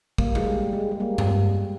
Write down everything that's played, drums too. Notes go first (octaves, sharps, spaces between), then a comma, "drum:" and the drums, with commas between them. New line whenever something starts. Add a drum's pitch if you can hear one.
G3 A#3, drum: kick
G#3, drum: tom G#3
G3
G#3
G#3
G3 A#3
drum: tom G2
G3